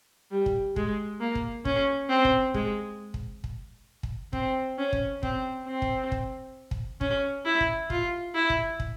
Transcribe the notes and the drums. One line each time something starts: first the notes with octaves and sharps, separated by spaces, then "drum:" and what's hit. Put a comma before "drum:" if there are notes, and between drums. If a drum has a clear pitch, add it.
G3
drum: kick
G#3, drum: kick
A#3
drum: kick
C#4, drum: kick
C4
drum: kick
G#3, drum: kick
drum: kick
drum: kick
drum: kick
C4, drum: kick
C#4
drum: kick
C4, drum: kick
C4
drum: kick
drum: kick
drum: kick
C#4, drum: kick
E4
drum: kick
F4, drum: kick
E4
drum: kick
drum: kick